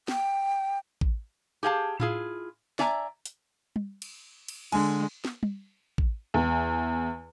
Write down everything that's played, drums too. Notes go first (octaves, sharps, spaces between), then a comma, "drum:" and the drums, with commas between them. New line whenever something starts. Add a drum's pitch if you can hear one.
G5, drum: snare
drum: kick A1
G4 G#4 F5 G5 A5
E4 F4 G#4, drum: tom A2
D5 E5 G#5 A#5, drum: snare
drum: hi-hat
drum: tom G3
drum: cymbal
drum: cymbal
D3 G#3 G#5, drum: cymbal
drum: snare
drum: tom G3
drum: kick A1
E2